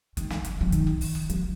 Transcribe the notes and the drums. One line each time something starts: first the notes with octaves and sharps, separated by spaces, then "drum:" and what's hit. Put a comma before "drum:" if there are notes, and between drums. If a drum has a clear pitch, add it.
D#3, drum: kick F#1, hi-hat
drum: snare
drum: kick F#1, hi-hat
F3
D#3, drum: hi-hat
drum: kick F#1
drum: open hi-hat
drum: kick F#1
F3, drum: hi-hat